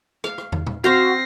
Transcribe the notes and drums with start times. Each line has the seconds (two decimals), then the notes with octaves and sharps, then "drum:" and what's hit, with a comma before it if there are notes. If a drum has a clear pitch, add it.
0.24 F5, drum: rim click
0.38 drum: rim click
0.52 drum: tom
0.67 drum: tom
0.84 C4 F#4 C5 F5 A#6 C7